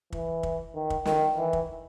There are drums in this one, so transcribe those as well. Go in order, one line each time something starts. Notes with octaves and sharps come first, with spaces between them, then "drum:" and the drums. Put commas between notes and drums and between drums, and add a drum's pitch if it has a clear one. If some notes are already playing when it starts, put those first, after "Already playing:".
E3, drum: kick
drum: kick
D#3
drum: kick
D#3, drum: snare
E3
drum: kick